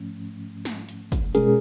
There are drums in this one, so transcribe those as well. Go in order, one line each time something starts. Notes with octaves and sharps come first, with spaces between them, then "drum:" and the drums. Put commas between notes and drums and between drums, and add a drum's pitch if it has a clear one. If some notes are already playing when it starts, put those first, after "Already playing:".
Already playing: G#2 F3 A3 C#4
drum: snare
drum: hi-hat
drum: kick, hi-hat
B2 G#3 C#4 G#4 A#4, drum: hi-hat